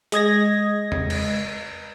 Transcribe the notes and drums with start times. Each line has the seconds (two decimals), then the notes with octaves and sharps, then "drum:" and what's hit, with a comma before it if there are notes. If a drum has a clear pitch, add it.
0.12 G#3 D#5 G#6 A#6, drum: hi-hat
0.92 drum: tom E2
1.10 drum: cymbal